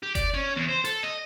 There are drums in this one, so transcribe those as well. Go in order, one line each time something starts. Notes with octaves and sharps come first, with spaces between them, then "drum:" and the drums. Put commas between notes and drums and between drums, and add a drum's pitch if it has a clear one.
G4
D5, drum: kick F#1, hi-hat
C#4
E2
C5
A4, drum: hi-hat
D#5